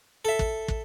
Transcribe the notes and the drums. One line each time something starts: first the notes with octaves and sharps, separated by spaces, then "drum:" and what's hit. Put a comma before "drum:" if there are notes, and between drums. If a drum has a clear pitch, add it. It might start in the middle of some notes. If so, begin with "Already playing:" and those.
A4 E5
drum: kick
drum: kick